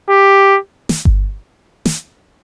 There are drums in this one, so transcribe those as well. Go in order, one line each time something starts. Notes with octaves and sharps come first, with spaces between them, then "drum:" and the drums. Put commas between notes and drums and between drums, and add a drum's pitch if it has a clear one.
G4
drum: snare
drum: kick G1
drum: snare